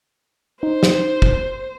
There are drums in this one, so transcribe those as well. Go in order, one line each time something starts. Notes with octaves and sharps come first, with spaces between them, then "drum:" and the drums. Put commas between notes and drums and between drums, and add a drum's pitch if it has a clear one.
D#4 C5
drum: snare
drum: kick